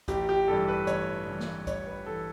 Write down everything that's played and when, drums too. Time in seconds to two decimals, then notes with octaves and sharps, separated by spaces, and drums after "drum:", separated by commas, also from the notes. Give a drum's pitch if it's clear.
0.08 A1 G4, drum: kick C#2, hi-hat
0.29 G4
0.48 G2 E3 A4
0.68 B4
0.87 A1 C#5, drum: hi-hat
1.26 G2 E3
1.40 drum: snare
1.67 A1 C#5, drum: kick C#2, hi-hat
1.87 B4
2.06 E3 A4